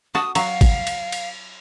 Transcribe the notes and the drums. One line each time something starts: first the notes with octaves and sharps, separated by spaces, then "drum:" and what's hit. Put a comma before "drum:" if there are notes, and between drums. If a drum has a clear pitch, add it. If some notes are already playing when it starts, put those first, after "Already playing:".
F#4 A5 D#6
F#3 F5, drum: cymbal
drum: kick A1, cymbal
drum: cymbal
drum: cymbal